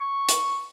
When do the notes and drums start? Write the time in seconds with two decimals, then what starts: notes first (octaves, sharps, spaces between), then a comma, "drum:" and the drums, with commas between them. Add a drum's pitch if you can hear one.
0.01 C#6
0.29 drum: hi-hat